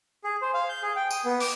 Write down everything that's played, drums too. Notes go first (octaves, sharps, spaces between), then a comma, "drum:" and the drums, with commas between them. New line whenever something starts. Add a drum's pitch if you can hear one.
G#4
C5
F5
G6
G#4
G5
D#6, drum: tambourine
B3
D6, drum: open hi-hat